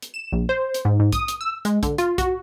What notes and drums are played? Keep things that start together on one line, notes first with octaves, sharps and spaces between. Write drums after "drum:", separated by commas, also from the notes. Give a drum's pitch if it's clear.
drum: hi-hat
E7
A#1
C5
drum: hi-hat
G#2
G#2
D#6, drum: kick B1, hi-hat
drum: hi-hat
E6
G#3, drum: hi-hat
D3, drum: kick B1, hi-hat
F4, drum: hi-hat
F#4, drum: kick B1, hi-hat